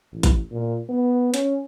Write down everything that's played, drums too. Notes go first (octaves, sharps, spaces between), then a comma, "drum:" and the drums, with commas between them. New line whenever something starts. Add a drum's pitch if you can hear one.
A1
drum: kick, hi-hat
A#2
B3
C#4, drum: hi-hat